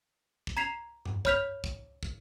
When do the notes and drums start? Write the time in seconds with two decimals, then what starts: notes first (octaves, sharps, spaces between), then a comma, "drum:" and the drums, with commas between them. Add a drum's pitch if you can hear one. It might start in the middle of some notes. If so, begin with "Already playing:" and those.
0.47 drum: kick
0.57 A#5 G#6 B6 C7 E7 F7
1.05 drum: tom G2
1.25 C#5 B5 F6 G6 B6 F7, drum: kick
1.64 drum: kick
2.03 drum: kick